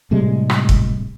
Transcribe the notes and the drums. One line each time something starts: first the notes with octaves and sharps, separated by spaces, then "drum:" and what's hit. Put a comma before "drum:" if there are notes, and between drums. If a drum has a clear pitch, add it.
A2 C3 G3 G#3
drum: rim click
drum: kick